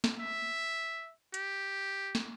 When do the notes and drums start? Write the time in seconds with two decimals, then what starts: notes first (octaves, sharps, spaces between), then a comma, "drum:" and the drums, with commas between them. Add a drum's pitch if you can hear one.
0.04 drum: snare
0.19 E5
1.34 G4, drum: hi-hat
2.15 drum: snare